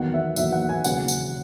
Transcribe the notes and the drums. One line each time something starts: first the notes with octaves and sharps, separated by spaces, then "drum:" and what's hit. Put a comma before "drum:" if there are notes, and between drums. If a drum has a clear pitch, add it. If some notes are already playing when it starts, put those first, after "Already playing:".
Already playing: E2 D#3 F#3 B3 F#5
E5
E2 D#3 F#3 B3 E5, drum: tambourine
F#5
G#5
E1 D#2 C#3 F#3 F#5, drum: tambourine
drum: tambourine